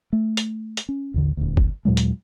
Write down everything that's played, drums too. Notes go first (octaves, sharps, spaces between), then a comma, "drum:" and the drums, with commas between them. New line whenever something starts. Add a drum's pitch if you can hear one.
A3
drum: hi-hat
drum: hi-hat
C#4
A1 D#2 D3
D#1 D2
drum: kick G1
D#2 A#2 F#3 G#3
drum: hi-hat